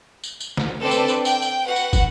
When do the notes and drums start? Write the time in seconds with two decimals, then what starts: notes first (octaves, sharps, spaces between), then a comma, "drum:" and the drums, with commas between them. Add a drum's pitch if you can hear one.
0.24 drum: tambourine
0.40 drum: tambourine
0.57 drum: snare
0.82 C4 D4 A4 B4 D5
0.91 drum: tambourine
1.08 drum: tambourine
1.25 G5, drum: tambourine
1.42 drum: tambourine
1.66 F#4 B4 F#5
1.76 drum: tambourine
1.93 drum: kick, tambourine